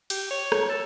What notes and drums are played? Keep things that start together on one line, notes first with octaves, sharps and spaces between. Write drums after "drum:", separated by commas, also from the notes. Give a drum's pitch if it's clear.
G4, drum: cymbal
C#5
drum: rim click
A4